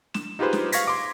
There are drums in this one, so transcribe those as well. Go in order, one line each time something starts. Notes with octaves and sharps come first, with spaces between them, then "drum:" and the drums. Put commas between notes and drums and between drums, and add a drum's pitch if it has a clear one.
E7, drum: snare
D#4 F4 G4 G#4 B4 C5
drum: snare
F5 C#6 G#6 A#6 B6, drum: hi-hat
C6 D6